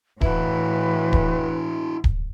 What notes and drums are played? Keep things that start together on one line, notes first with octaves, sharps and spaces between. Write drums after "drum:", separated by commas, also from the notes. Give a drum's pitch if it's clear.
A2 E3 E4 F#4 B4, drum: kick D1
drum: kick D1
drum: kick D1